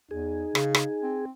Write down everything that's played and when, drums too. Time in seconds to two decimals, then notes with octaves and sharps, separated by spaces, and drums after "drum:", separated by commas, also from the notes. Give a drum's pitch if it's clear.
0.11 E2 D#4 G#4
0.55 C#3, drum: rim click
0.74 drum: rim click
1.03 C4